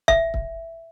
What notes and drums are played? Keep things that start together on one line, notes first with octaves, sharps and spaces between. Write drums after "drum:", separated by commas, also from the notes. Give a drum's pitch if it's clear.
E5, drum: kick
drum: kick